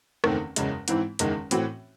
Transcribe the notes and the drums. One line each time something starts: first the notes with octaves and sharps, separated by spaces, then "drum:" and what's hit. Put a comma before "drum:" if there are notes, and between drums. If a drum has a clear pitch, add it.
F#1 E2 D#3 A3 C4, drum: rim click
F#1 E2 C#3 G#3, drum: hi-hat
G#2 E3 C4 E4, drum: hi-hat
F#1 E2 D#3 G#3, drum: hi-hat
A2 E3 C4 F#4, drum: hi-hat